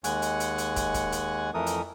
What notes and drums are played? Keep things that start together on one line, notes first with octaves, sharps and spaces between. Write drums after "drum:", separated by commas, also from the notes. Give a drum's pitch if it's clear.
D#2 G#3 F#5 G#5 C#6, drum: hi-hat
drum: hi-hat
drum: hi-hat
drum: hi-hat
drum: kick, hi-hat
drum: kick, hi-hat
drum: hi-hat
F2 E3 A3 A4 A#4 D#6
drum: hi-hat